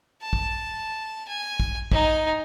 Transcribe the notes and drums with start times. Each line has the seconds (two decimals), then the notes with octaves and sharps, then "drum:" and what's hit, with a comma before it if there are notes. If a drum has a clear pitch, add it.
0.22 A5
0.33 drum: kick
1.28 G#5
1.60 drum: kick
1.92 D#4 G#5, drum: kick